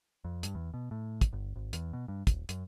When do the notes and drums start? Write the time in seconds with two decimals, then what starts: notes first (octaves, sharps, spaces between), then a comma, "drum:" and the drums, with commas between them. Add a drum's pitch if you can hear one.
0.25 F2
0.43 G2, drum: hi-hat
0.55 E2
0.74 B2
0.91 A2
1.21 drum: kick, hi-hat
1.33 G1
1.56 G#1
1.73 E2, drum: hi-hat
1.93 B2
2.08 G2
2.27 D#1, drum: kick, hi-hat
2.49 F#2, drum: hi-hat